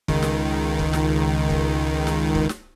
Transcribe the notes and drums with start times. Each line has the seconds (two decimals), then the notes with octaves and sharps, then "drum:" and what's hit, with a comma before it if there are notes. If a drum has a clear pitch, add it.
0.08 C#2 D#3, drum: kick
0.22 drum: snare
0.79 drum: kick
0.93 drum: snare
1.50 drum: kick
2.07 drum: snare
2.35 drum: kick
2.49 drum: snare